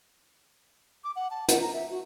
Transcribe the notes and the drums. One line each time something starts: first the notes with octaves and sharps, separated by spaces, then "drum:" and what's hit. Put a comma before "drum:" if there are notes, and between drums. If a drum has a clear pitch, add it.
D6
F#5
A5
F#5, drum: hi-hat
A#5
E5
F#4